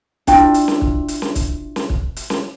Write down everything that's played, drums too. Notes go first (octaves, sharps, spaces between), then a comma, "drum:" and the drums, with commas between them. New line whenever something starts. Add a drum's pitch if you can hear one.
D4 E4 F4 G5, drum: kick, hi-hat
drum: hi-hat
drum: snare
drum: kick
drum: hi-hat
drum: snare
drum: kick, hi-hat
drum: snare
drum: kick
drum: hi-hat
drum: snare